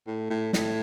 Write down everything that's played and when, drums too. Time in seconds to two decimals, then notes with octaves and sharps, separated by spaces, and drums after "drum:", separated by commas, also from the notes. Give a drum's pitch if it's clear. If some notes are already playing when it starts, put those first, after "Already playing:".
0.07 A2
0.30 A2
0.53 A2, drum: snare